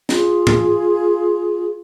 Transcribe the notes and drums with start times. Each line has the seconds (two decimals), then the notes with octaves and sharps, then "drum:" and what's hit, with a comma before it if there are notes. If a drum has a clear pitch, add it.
0.09 F4 G#4, drum: snare
0.47 drum: tom G#2